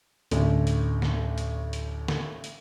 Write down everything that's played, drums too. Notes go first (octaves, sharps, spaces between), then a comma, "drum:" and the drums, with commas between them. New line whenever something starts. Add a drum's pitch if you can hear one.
A1 D2 A2 D3, drum: hi-hat
drum: hi-hat
drum: snare
drum: hi-hat
drum: hi-hat
drum: snare
drum: hi-hat